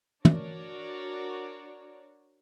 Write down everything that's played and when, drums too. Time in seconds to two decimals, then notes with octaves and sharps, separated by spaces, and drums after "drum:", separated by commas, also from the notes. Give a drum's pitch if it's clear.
0.25 D4 F#4 A#4 C#5 D5, drum: tom